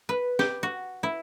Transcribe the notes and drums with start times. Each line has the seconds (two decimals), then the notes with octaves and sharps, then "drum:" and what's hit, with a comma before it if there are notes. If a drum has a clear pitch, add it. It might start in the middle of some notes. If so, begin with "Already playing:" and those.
0.09 B4
0.39 G4, drum: snare
0.63 F#4
1.03 E4